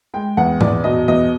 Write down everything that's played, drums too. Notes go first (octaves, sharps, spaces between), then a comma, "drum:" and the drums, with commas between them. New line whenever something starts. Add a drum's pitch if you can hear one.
G#3 G5
E2 F#5
E2 D5, drum: tom G#2
B2 D#5
E2 D#5